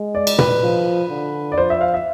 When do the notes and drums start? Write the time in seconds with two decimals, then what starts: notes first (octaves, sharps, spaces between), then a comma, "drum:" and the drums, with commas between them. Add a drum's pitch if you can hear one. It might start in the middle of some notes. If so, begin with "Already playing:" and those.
Already playing: G#3
0.15 D5
0.27 drum: cymbal
0.39 B4, drum: tom A#2
0.62 F3
1.10 D3
1.52 D5
1.57 F3 C5
1.70 E5
1.81 F5
1.94 E5